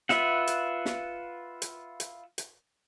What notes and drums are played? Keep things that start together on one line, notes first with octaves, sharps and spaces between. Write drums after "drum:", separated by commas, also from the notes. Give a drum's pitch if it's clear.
F4 B4 E5 F#5, drum: snare
drum: hi-hat
drum: snare
drum: hi-hat
drum: hi-hat
drum: hi-hat